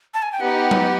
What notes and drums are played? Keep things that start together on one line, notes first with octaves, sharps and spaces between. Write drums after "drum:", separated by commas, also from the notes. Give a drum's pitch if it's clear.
A5
G#5
G5
B3 D#4 G4 F#5
drum: tom F#3